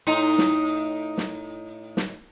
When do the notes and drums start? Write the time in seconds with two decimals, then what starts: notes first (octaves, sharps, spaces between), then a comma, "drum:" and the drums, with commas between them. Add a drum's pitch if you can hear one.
0.07 A2 D#4
0.38 drum: snare
1.18 drum: snare
1.97 drum: snare